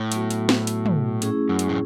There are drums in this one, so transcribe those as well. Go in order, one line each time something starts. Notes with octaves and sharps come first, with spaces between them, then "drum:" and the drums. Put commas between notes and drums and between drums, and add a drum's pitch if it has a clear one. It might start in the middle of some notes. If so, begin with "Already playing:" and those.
Already playing: A2
F#3 B3 F#4, drum: hi-hat
drum: hi-hat
drum: snare
drum: hi-hat
drum: tom
A3 C#4 E4 G#4, drum: hi-hat
F#2
drum: hi-hat
A2